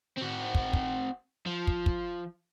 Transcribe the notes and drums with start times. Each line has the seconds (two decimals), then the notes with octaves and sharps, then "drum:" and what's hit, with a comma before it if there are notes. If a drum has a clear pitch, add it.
0.17 C4 F#4
0.55 drum: kick
0.73 drum: kick
1.46 F3
1.67 drum: kick
1.86 drum: kick